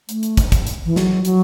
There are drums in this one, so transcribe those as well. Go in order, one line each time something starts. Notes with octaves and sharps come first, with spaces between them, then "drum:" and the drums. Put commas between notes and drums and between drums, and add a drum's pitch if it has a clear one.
A3, drum: hi-hat
drum: hi-hat
drum: kick, hi-hat
drum: kick, hi-hat
drum: hi-hat
E3
F#3, drum: snare
F#3, drum: hi-hat